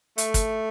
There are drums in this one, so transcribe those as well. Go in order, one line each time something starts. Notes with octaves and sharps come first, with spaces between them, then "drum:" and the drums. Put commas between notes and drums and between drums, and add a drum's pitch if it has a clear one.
A3, drum: hi-hat
drum: kick, hi-hat